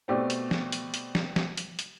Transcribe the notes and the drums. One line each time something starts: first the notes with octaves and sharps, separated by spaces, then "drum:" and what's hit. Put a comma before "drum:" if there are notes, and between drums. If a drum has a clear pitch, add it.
B2 A3 C4 G4 D5
drum: hi-hat
drum: snare
drum: hi-hat
drum: hi-hat
drum: snare
drum: snare
drum: hi-hat
drum: hi-hat